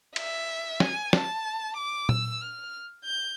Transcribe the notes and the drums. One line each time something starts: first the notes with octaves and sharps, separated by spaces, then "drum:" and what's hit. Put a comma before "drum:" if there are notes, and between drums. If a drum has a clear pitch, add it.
E5, drum: cymbal
G#5, drum: snare
A5, drum: snare
D6
E6, drum: tom A#2
F6
G6